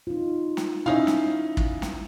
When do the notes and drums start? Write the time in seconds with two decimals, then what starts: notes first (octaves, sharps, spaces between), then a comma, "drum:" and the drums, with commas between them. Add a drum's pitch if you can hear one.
0.07 D#4 F4
0.57 drum: snare
0.86 C#4 D#4 E4 E5 F5
1.07 drum: snare
1.57 drum: kick
1.82 drum: snare